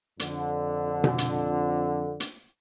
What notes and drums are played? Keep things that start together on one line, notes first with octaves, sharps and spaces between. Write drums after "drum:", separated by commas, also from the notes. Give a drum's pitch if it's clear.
F2 D3, drum: hi-hat
drum: tom B2
drum: hi-hat
drum: hi-hat